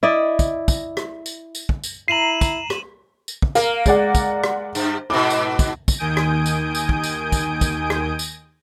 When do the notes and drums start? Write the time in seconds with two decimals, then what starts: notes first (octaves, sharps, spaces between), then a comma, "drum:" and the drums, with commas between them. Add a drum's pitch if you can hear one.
0.03 E4 D5 D#5
0.39 drum: kick, tambourine
0.68 drum: kick, tambourine
0.97 drum: rim click
1.26 drum: tambourine
1.55 drum: tambourine
1.69 drum: kick
1.84 drum: tambourine
2.08 E4 A#5 C7 D#7 E7 F#7
2.41 drum: kick, tambourine
2.70 drum: rim click
3.28 drum: tambourine
3.42 drum: kick
3.55 A#3 A#4 F5, drum: tambourine
3.86 G#3 D5 F#5, drum: kick, tambourine
4.15 drum: kick, tambourine
4.44 drum: rim click
4.75 G2, drum: tambourine
5.10 G#2 B2 D6
5.30 drum: tambourine
5.59 drum: kick, tambourine
5.88 drum: kick, tambourine
5.98 D#2 D#3 G#5 D#6 G6 D7
6.17 drum: rim click
6.46 drum: tambourine
6.75 drum: tambourine
6.89 drum: kick
7.04 drum: tambourine
7.32 drum: kick, tambourine
7.61 drum: kick, tambourine
7.90 drum: rim click
8.19 drum: tambourine